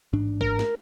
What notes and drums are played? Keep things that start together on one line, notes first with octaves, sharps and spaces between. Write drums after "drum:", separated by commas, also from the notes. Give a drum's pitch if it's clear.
A1 G#2 D4
A#4, drum: kick
drum: snare